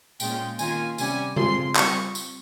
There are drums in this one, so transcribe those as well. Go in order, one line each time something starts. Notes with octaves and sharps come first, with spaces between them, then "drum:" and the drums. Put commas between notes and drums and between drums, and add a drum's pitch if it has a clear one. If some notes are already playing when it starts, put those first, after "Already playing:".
A#2 G#3 C#4 F4 G5, drum: tambourine
D#3 A#3 C#4 F4 G#5, drum: tambourine
C3 G3 C#4 G#5, drum: tambourine
F3 G#3 C4 F4 C6, drum: tom C#3
G3 C4 F4 C#6, drum: clap
drum: tambourine